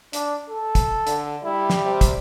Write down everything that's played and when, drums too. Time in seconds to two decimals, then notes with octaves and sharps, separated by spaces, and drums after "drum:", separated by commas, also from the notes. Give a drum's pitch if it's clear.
0.13 D4, drum: hi-hat
0.49 A4
0.75 drum: kick, hi-hat
1.07 D3, drum: hi-hat
1.44 G3 E4
1.70 drum: snare
1.84 C3
2.01 drum: kick, hi-hat